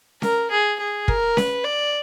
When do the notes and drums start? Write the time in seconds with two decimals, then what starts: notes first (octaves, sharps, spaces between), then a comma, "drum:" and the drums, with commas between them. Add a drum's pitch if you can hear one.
0.22 A#4, drum: snare C#4
0.51 G#4
0.80 G#4
1.08 A#4, drum: kick
1.37 B4, drum: snare C#4
1.64 D5